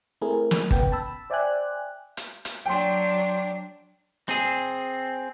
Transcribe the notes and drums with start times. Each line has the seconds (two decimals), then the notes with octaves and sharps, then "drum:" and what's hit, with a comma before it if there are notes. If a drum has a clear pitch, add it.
0.22 A3 C4 E4 G#4 A#4
0.51 drum: snare
0.71 G1 C#3 B3 G5, drum: kick G1
0.92 A5 B5 E6
1.30 C5 D5 E5 G5 G#5 F#6
2.17 drum: hi-hat
2.45 drum: hi-hat
2.66 F#3 D4 G5 C6
4.29 C4 G#4